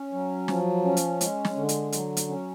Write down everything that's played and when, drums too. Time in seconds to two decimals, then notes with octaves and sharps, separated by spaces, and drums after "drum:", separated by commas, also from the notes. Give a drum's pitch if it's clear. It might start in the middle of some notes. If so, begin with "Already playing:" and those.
Already playing: C#4
0.13 F#3
0.48 F3, drum: snare
0.84 C#4
0.97 drum: hi-hat
1.21 G#3, drum: hi-hat
1.45 drum: snare
1.56 D3
1.69 drum: hi-hat
1.92 F#3, drum: hi-hat
2.17 drum: hi-hat
2.29 C#4